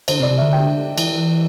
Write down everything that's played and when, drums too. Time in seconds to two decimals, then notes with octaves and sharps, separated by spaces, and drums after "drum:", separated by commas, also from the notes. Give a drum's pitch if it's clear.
0.08 D3 C5, drum: cymbal
0.20 C3
0.23 D5
0.31 C3
0.38 D3 E5
0.53 G5
0.98 E3, drum: cymbal